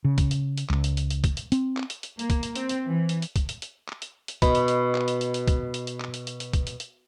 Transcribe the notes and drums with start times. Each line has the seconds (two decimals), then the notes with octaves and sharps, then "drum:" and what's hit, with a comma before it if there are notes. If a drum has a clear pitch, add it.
0.05 C#3
0.18 drum: kick, hi-hat
0.31 drum: hi-hat
0.58 drum: hi-hat
0.70 C#2, drum: clap
0.84 drum: hi-hat
0.97 drum: hi-hat
1.10 drum: hi-hat
1.24 drum: kick, hi-hat
1.37 drum: hi-hat
1.52 C4, drum: hi-hat
1.77 drum: clap
1.90 drum: hi-hat
2.03 drum: hi-hat
2.19 A#3, drum: hi-hat
2.30 drum: kick, hi-hat
2.43 drum: hi-hat
2.56 C4, drum: hi-hat
2.69 drum: hi-hat
2.88 E3
3.09 drum: hi-hat
3.22 drum: hi-hat
3.36 drum: kick, hi-hat
3.49 drum: hi-hat
3.62 drum: hi-hat
3.89 drum: clap
4.02 drum: hi-hat
4.28 drum: hi-hat
4.42 B2 D#5 B5, drum: kick, hi-hat
4.55 drum: hi-hat
4.68 drum: hi-hat
4.95 drum: clap
5.08 drum: hi-hat
5.21 drum: hi-hat
5.34 drum: hi-hat
5.48 drum: kick, hi-hat
5.74 drum: hi-hat
5.87 drum: hi-hat
6.01 drum: clap
6.14 drum: hi-hat
6.27 drum: hi-hat
6.40 drum: hi-hat
6.53 drum: kick, hi-hat
6.67 drum: hi-hat
6.80 drum: hi-hat